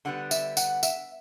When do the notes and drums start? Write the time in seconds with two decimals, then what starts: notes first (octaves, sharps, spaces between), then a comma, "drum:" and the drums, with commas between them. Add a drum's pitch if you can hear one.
0.05 D3 G3 B3 F#5
0.31 E5, drum: tambourine
0.57 F#5, drum: tambourine
0.83 E5, drum: tambourine